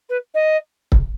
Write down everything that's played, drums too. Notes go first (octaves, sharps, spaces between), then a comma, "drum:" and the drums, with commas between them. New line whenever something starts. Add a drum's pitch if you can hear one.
B4
D#5
drum: kick